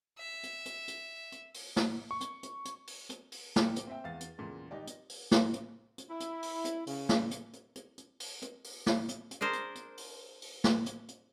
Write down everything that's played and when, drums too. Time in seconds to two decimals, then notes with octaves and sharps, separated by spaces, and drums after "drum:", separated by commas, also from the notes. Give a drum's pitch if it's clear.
0.19 E5
0.43 drum: hi-hat
0.65 drum: hi-hat
0.88 drum: hi-hat
1.32 drum: hi-hat
1.54 drum: open hi-hat
1.76 drum: snare
2.11 C#6
2.21 drum: hi-hat
2.43 drum: hi-hat
2.65 drum: hi-hat
2.87 drum: open hi-hat
3.10 drum: hi-hat
3.32 drum: open hi-hat
3.56 G5 D6, drum: snare
3.76 drum: hi-hat
3.87 C4 E5 G5
4.04 E2 F5 A6
4.20 drum: hi-hat
4.38 E2 A#2 C#3 G#3
4.71 G#1 D#4 G4 D5
4.87 drum: hi-hat
5.09 drum: open hi-hat
5.31 drum: snare
5.54 drum: hi-hat
5.98 drum: hi-hat
6.10 E4
6.20 drum: hi-hat
6.42 drum: open hi-hat
6.65 drum: hi-hat
6.87 C#3, drum: open hi-hat
7.09 drum: snare
7.31 drum: hi-hat
7.53 drum: hi-hat
7.75 drum: hi-hat
7.98 drum: hi-hat
8.20 drum: open hi-hat
8.42 drum: hi-hat
8.64 drum: open hi-hat
8.86 drum: snare
9.09 drum: hi-hat
9.31 drum: hi-hat
9.41 D4 G#4 A#4 C5
9.53 drum: hi-hat
9.75 drum: hi-hat
9.97 drum: open hi-hat
10.42 drum: open hi-hat
10.64 drum: snare
10.86 drum: hi-hat
11.08 drum: hi-hat